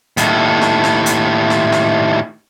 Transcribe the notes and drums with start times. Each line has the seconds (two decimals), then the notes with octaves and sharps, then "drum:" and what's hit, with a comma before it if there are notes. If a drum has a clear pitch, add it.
0.17 D#2 A2, drum: hi-hat
0.61 drum: snare
0.84 drum: snare
1.06 drum: hi-hat
1.50 drum: snare
1.72 drum: snare